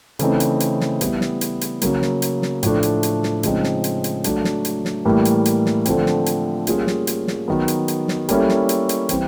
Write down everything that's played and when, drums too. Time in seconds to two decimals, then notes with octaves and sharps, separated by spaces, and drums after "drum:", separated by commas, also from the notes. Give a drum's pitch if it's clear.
0.19 C#3 E3 A3 C4 D#4, drum: hi-hat
0.40 drum: hi-hat
0.60 drum: hi-hat
0.81 drum: snare
1.01 G3 B3 E4, drum: hi-hat
1.21 drum: snare
1.41 drum: hi-hat
1.61 drum: hi-hat
1.82 C#3 F#3 A#3, drum: hi-hat
2.02 drum: snare
2.22 drum: hi-hat
2.42 drum: snare
2.63 A2 F3 A3 D4, drum: hi-hat
2.83 drum: hi-hat
3.03 drum: hi-hat
3.23 drum: snare
3.43 C#3 F3 G#3 C4 D#4, drum: hi-hat
3.64 drum: snare
3.84 drum: hi-hat
4.04 drum: hi-hat
4.24 F#3 A3 D4, drum: hi-hat
4.44 drum: snare
4.65 drum: hi-hat
4.85 drum: snare
5.05 A2 E3 G3 A#3
5.25 drum: hi-hat
5.45 drum: hi-hat
5.66 drum: snare
5.85 D3 F3 A3 C4, drum: hi-hat
6.06 drum: snare
6.26 drum: hi-hat
6.67 G3 A#3 C#4 F4 G#4, drum: hi-hat
6.87 drum: snare
7.07 drum: hi-hat
7.27 drum: snare
7.48 D#3 F#3 B3
7.68 drum: hi-hat
7.88 drum: hi-hat
8.08 drum: snare
8.29 G3 A#3 C#4 E4 A4, drum: hi-hat
8.49 drum: snare
8.69 drum: hi-hat
8.89 drum: hi-hat
9.09 E3 G3 C4, drum: hi-hat